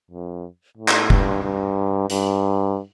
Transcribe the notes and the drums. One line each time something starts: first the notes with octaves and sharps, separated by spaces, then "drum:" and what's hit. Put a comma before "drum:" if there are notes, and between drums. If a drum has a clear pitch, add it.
F2
A2
drum: clap
G2, drum: kick F1
G2
G2, drum: hi-hat